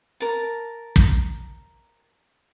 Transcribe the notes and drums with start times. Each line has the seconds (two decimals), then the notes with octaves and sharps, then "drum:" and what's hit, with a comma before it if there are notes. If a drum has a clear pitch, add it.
0.20 A#4 A5
0.96 drum: kick